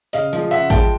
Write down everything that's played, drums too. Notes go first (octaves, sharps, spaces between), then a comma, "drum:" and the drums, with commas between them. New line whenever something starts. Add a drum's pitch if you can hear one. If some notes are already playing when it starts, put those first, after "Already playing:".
C#3 D#5 F5, drum: hi-hat
F3 G#3, drum: hi-hat
C#3 E5 F#5, drum: hi-hat
F3 G#3 G5 A5, drum: kick G#1, hi-hat